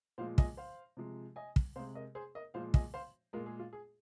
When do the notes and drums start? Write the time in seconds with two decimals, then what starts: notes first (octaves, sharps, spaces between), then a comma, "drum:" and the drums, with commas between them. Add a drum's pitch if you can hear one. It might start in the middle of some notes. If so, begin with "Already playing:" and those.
0.18 A#2 F3 G#3 C5 F5
0.38 D#5 G#5, drum: kick
0.57 C5 F5
0.97 C3 F3 G#3
1.36 D#5 G#5
1.56 drum: kick
1.76 C3 G#3 C5 F5
1.95 A#4 D#5
2.15 G#4 C5
2.35 A#4 D#5
2.54 A#2 F3 G#3 C5 F5
2.74 D#5 G#5, drum: kick
2.94 C5 F5
3.33 A#2 G#3 F4 A#4
3.46 G#4
3.59 F4
3.73 G#4